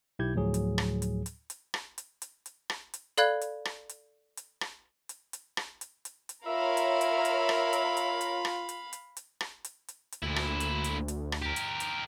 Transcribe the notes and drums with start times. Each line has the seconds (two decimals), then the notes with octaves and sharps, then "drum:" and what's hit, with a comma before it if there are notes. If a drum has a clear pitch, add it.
0.19 B1 E4 G4 G6 G#6
0.35 D2 A2 F3 F#3 G#4
0.54 drum: hi-hat
0.78 drum: rim click
1.02 drum: hi-hat
1.26 drum: hi-hat
1.50 drum: hi-hat
1.74 drum: rim click
1.98 drum: hi-hat
2.22 drum: hi-hat
2.46 drum: hi-hat
2.70 drum: rim click
2.94 drum: hi-hat
3.17 A4 D5 F5 B5 F#6 G#6, drum: hi-hat
3.41 drum: hi-hat
3.65 drum: rim click
3.89 drum: hi-hat
4.37 drum: hi-hat
4.61 drum: rim click
5.09 drum: hi-hat
5.33 drum: hi-hat
5.57 drum: rim click
5.81 drum: hi-hat
6.05 drum: hi-hat
6.29 drum: hi-hat
6.47 F4 A#4 C#5 E5 F5 B5
6.77 drum: hi-hat
7.01 drum: hi-hat
7.25 drum: hi-hat
7.49 drum: rim click
7.73 drum: hi-hat
7.97 drum: hi-hat
8.21 drum: hi-hat
8.45 drum: rim click
8.69 drum: hi-hat
8.93 drum: hi-hat
9.17 drum: hi-hat
9.41 drum: rim click
9.64 drum: hi-hat
9.88 drum: hi-hat
10.12 drum: hi-hat
10.22 D2 A#2 E4
10.36 drum: rim click
10.60 drum: hi-hat
10.84 drum: hi-hat
11.08 drum: hi-hat
11.32 drum: rim click
11.42 G4 A#4
11.56 drum: hi-hat
11.80 drum: hi-hat